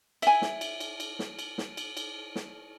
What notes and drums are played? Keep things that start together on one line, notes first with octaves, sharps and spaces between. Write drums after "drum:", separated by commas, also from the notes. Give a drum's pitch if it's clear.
E5 G#5, drum: cymbal
drum: snare
drum: cymbal
drum: cymbal
drum: cymbal
drum: snare
drum: cymbal
drum: snare
drum: cymbal
drum: cymbal
drum: snare